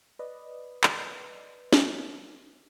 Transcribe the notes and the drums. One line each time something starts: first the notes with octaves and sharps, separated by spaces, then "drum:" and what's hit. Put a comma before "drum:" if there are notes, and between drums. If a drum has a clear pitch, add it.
B4 D5 D#5
drum: clap
drum: snare